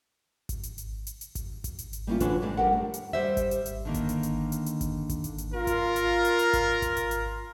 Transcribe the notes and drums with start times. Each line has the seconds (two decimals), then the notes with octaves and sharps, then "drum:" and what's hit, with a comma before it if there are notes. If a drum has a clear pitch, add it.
0.49 drum: kick G#1, hi-hat
0.63 drum: hi-hat
0.78 drum: hi-hat
1.07 drum: hi-hat
1.21 drum: hi-hat
1.35 drum: kick G#1, hi-hat
1.64 drum: kick G#1, hi-hat
1.79 drum: hi-hat
1.93 drum: hi-hat
2.07 G3 A#3 C#4 E4 F4
2.20 D3 E3 F#3 D4 F4 C#5, drum: kick G#1, hi-hat
2.42 G2 C3 G3 G#3 D4
2.57 F2 G3 G4 A#4 F#5
2.73 A3
2.94 drum: hi-hat
3.13 G3 C5 E5
3.37 drum: kick G#1, hi-hat
3.51 drum: hi-hat
3.66 drum: hi-hat
3.85 D3 D#3 A#3
3.94 drum: kick G#1, hi-hat
4.09 drum: hi-hat
4.23 drum: hi-hat
4.52 drum: hi-hat
4.66 drum: hi-hat
4.81 drum: kick G#1, hi-hat
5.09 drum: kick G#1, hi-hat
5.24 drum: hi-hat
5.38 drum: hi-hat
5.54 F4 A#4
5.67 drum: kick G#1, hi-hat
5.96 drum: hi-hat
6.25 drum: hi-hat
6.39 drum: hi-hat
6.53 drum: kick G#1, hi-hat
6.82 drum: kick G#1, hi-hat
6.97 drum: hi-hat
7.11 drum: hi-hat